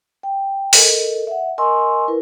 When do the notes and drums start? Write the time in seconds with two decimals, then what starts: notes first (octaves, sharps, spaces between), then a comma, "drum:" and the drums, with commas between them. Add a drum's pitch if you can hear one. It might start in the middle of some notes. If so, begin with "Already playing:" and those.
0.23 G5
0.73 A4 A#4 D#5, drum: open hi-hat
1.27 E5 F#5
1.58 A#4 D#5 G#5 C6 C#6 E6
2.08 E4 A#4 B4